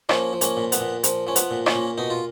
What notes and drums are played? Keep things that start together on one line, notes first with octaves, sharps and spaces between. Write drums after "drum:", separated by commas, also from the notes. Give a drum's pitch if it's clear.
F3 A#3 C#4, drum: rim click
F3
A#3 C#4, drum: hi-hat
A#2
B3, drum: hi-hat
A#2
F3, drum: hi-hat
F3 C#4
B3, drum: hi-hat
A#2
A#3 C#4, drum: rim click
A#2
B2 D#4
F4